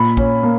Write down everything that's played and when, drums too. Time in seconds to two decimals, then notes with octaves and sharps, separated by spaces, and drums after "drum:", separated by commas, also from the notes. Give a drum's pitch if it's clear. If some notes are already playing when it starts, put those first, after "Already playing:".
Already playing: A#2 B5
0.17 C#4, drum: kick
0.43 A#3